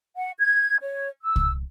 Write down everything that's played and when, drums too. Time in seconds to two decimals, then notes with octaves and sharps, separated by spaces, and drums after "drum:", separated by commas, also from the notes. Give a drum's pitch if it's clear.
0.17 F#5
0.38 G#6
0.81 C#5
1.22 E6
1.36 drum: kick C2